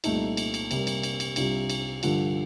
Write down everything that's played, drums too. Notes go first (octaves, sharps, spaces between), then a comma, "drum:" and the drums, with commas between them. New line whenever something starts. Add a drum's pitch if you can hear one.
C2 A#2 A3 D#4, drum: cymbal
drum: cymbal
drum: cymbal
C3 G3 A#3, drum: cymbal
drum: cymbal
drum: cymbal
drum: cymbal
C2 C3 G3 D4 F4, drum: cymbal
drum: cymbal
G2 D3 F3, drum: cymbal